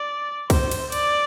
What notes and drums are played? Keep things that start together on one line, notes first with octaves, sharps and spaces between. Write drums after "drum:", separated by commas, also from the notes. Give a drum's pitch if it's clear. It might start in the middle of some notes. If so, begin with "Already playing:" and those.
Already playing: D5
C5, drum: kick, cymbal
drum: cymbal
D5, drum: cymbal